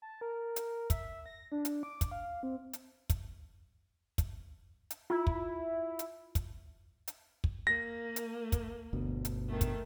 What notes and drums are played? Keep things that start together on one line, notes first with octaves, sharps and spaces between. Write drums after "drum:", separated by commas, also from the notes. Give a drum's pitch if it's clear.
A5
A#4
drum: hi-hat
E5, drum: kick, hi-hat
A#6
D4
drum: hi-hat
D6
drum: kick, hi-hat
F5
C4
drum: hi-hat
drum: kick, hi-hat
drum: kick, hi-hat
drum: hi-hat
E4 F4
drum: kick
drum: hi-hat
drum: kick, hi-hat
drum: hi-hat
drum: kick
A#3 A#6
drum: hi-hat
drum: kick, hi-hat
G1 D2 B2
drum: hi-hat
D#3 A3
drum: kick, hi-hat